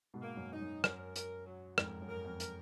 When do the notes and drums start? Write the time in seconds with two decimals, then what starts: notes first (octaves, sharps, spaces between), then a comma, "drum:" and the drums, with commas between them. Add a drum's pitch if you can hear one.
0.14 G#2 B2
0.22 A#3
0.37 F#2
0.53 D#4
0.61 F#2
0.84 F#2 A#4, drum: rim click
1.16 A#4, drum: hi-hat
1.46 F#3
1.78 F2 G#2 A#4, drum: rim click
2.02 F#2
2.09 A#4
2.25 F2
2.40 A#4, drum: hi-hat